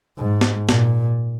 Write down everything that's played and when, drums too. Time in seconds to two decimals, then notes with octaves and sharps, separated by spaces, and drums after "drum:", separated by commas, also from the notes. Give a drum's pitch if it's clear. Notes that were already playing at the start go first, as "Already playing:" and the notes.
0.18 G#2
0.41 drum: snare
0.69 A#2, drum: snare